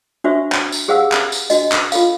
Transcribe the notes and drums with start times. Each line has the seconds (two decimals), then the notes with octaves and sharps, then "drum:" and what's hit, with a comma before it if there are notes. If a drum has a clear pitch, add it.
0.24 D4 F#4 C5 E5 C#6
0.52 drum: clap
0.72 drum: tambourine
0.88 G4 G#4 C5 F5 F#5 E6
1.12 drum: clap
1.32 drum: tambourine
1.50 D4 F#4 D#5, drum: tambourine
1.72 drum: clap
1.92 F4 A4 F5, drum: tambourine